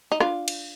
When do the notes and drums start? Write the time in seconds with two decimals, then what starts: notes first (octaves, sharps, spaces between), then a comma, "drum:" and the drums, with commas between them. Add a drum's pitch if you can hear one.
0.12 D#4
0.20 D4 F4, drum: rim click
0.48 drum: cymbal